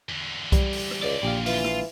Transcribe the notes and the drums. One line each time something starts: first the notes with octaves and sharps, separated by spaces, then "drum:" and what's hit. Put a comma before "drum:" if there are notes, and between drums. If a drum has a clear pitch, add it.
E2 D3
G3, drum: kick B1, hi-hat
drum: open hi-hat
drum: rim click
C#2 D5
A#1 G4 F5
E3 F4, drum: open hi-hat
drum: rim click